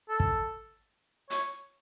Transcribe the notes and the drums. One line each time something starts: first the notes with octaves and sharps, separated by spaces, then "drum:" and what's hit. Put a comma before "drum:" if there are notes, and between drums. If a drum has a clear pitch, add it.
A4
drum: kick
C#5, drum: hi-hat